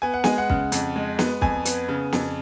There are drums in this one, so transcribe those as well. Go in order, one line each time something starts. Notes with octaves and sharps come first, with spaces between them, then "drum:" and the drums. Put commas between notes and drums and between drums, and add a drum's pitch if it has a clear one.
B3 G#5
F#5
G#3 G#5, drum: snare
F#5
C#3, drum: kick
F2, drum: hi-hat
G#3
B3, drum: snare
F2 G#5, drum: kick
B3, drum: hi-hat
C#3
F2, drum: snare